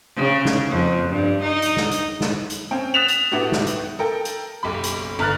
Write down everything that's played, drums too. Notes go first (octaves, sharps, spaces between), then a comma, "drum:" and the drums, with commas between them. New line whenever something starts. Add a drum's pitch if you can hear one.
C#3
drum: snare
F2
G2
D#4
drum: hi-hat
drum: snare
drum: hi-hat
drum: snare
drum: hi-hat
C4 C#4 G5
D#6 F#6 A6 B6 E7 F7
drum: hi-hat
A2 A3 B3 F#4 G4
drum: snare
drum: hi-hat
A4 A#4 G5
drum: hi-hat
F#1 B1 G4 B5
drum: hi-hat
G1 A#5 F6 F#6 A6